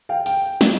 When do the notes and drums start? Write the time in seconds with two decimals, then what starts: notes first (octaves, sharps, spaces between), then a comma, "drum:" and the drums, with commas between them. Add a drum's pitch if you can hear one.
0.09 F5 G5
0.26 G5, drum: hi-hat
0.61 drum: snare